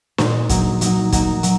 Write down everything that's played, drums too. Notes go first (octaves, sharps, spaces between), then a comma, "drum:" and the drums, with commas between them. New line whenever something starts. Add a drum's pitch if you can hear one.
A#2 G#3 D#4, drum: snare
F#3 A#3 D#4 F#4, drum: kick, hi-hat
F#3 A#3 D#4 F#4, drum: hi-hat
F#3 A#3 D#4 F#4, drum: kick, hi-hat
F#3, drum: hi-hat